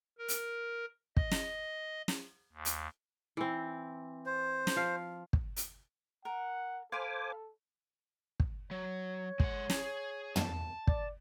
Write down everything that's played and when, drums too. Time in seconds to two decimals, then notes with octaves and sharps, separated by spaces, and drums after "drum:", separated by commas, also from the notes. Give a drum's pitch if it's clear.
0.18 A#4
0.28 drum: hi-hat
1.17 D#5, drum: kick
1.31 drum: snare
2.08 drum: snare
2.53 D#2
2.65 drum: hi-hat
3.37 E3 C4
4.26 C5
4.67 drum: snare
4.76 F3 F5
5.33 drum: kick
5.56 drum: hi-hat
6.25 A#4 F#5
6.92 A4 C5 F5 G#5 B5 D6
8.40 drum: kick
8.71 F#3 C#5
9.40 G#3 F#5, drum: kick
9.70 G#4, drum: snare
10.36 A5, drum: tom
10.87 D5, drum: kick